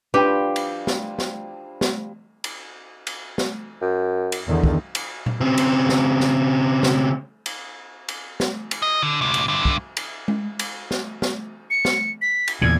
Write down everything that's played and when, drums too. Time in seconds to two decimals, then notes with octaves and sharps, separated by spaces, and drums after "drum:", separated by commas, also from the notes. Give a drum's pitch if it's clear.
0.14 F3 G3 D4 G4 B4 C5 G5
0.56 drum: cymbal
0.87 drum: snare
1.19 drum: snare
1.81 drum: snare
2.44 drum: cymbal
3.07 drum: cymbal
3.38 drum: snare
3.82 F#2
4.32 drum: cymbal
4.48 E2 D3 D#3
4.64 drum: kick
4.95 drum: cymbal
5.26 drum: tom A#2
5.41 C#3 C4
5.58 drum: cymbal
5.89 drum: snare
6.20 drum: snare
6.83 drum: snare
7.46 drum: cymbal
8.09 drum: cymbal
8.40 drum: snare
8.71 drum: cymbal
8.82 D#5
9.03 D3
9.21 D2 C3
9.34 drum: cymbal
9.48 G2 D3
9.65 drum: kick
9.97 drum: cymbal
10.28 drum: tom G#3
10.59 drum: cymbal
10.91 drum: snare
11.22 drum: snare
11.70 C#7
11.85 drum: snare
12.22 B6
12.48 drum: cymbal
12.62 E2 A#2 D3 G#6